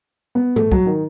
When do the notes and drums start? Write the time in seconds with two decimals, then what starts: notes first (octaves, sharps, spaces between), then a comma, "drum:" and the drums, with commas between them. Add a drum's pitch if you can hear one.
0.35 B3
0.56 A3, drum: tom G#2
0.72 F#3, drum: kick
0.86 D#3